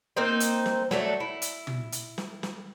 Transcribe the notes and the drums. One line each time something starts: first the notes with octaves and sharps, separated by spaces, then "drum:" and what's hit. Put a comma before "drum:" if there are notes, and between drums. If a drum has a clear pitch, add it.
A#3 C4 D#4 C5
drum: hi-hat
drum: snare
F#3 A3 D4, drum: snare
E4
drum: hi-hat
drum: tom
drum: hi-hat
drum: snare
drum: snare